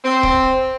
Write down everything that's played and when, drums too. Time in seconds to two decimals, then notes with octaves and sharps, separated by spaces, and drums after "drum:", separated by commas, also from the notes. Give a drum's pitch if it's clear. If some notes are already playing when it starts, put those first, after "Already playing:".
0.05 C4
0.23 drum: kick C#1